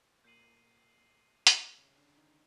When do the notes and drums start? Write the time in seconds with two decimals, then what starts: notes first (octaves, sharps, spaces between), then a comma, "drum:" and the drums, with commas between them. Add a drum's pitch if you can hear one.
0.24 A#2 A#3 G6 C7 D#7 F#7
1.47 drum: hi-hat
1.78 C#3 C#4
1.98 D3 D4
2.17 D#3 D#4